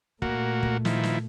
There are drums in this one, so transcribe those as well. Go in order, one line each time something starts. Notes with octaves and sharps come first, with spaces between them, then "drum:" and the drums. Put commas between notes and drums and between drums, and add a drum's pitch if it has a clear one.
A#2 A3 A#3 F#4, drum: kick
drum: kick
D#3 F3 E4, drum: snare
drum: snare